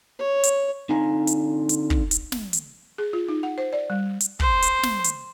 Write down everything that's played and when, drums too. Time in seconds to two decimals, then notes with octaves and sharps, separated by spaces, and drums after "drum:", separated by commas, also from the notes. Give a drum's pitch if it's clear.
0.19 C#5
0.43 drum: hi-hat
0.89 D3 C4 D#4 F4 G#5 A#5
1.27 drum: hi-hat
1.69 drum: hi-hat
1.90 drum: kick
2.11 drum: hi-hat
2.32 drum: snare
2.53 drum: hi-hat
2.98 G#4
3.13 F4
3.28 D#4
3.43 F#5
3.58 C5
3.73 D5
3.90 G3
4.21 drum: hi-hat
4.40 C5, drum: kick
4.62 drum: hi-hat
4.83 drum: snare
5.04 drum: hi-hat